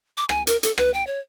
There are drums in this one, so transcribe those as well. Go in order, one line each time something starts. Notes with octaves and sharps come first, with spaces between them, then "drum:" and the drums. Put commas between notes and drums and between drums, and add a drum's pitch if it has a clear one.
D6
G#5, drum: rim click
A#4, drum: hi-hat
A4, drum: hi-hat
B4, drum: rim click
G5
C#5